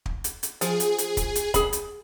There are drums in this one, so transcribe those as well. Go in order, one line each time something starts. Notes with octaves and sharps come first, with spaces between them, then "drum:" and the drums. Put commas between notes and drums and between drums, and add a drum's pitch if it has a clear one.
drum: kick
drum: hi-hat
drum: hi-hat
F3 G#4, drum: hi-hat
drum: hi-hat
drum: hi-hat
drum: kick, hi-hat
drum: hi-hat
G#4 B5, drum: kick, hi-hat
drum: hi-hat